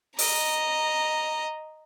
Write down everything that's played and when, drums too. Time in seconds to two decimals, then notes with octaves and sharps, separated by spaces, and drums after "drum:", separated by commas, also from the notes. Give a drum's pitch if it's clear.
0.19 D#5 A#5, drum: open hi-hat